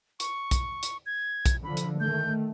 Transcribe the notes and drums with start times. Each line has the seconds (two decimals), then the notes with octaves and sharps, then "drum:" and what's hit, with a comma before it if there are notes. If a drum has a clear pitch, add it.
0.20 C#6, drum: hi-hat
0.51 drum: kick B1, hi-hat
0.83 drum: hi-hat
1.06 G#6
1.46 drum: kick B1, hi-hat
1.64 D3 F3 B5
1.77 drum: hi-hat
2.00 D#3 A3 G6